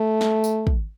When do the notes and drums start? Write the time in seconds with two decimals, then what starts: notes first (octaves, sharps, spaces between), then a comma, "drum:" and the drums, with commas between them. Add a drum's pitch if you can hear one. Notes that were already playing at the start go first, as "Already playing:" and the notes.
Already playing: A3
0.21 drum: snare
0.44 drum: tambourine
0.67 drum: kick